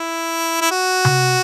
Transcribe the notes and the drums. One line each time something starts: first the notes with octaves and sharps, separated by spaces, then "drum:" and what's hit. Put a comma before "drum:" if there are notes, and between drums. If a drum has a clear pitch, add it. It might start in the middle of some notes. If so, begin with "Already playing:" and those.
Already playing: E4
E4
F#4
drum: tom C3